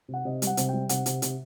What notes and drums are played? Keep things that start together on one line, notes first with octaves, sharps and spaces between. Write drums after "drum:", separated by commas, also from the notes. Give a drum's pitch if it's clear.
C3
F#5
C3 D#5
G3, drum: hi-hat
F#5
C3, drum: hi-hat
G3 G5
C3 F#5, drum: hi-hat
C3, drum: hi-hat
C3, drum: hi-hat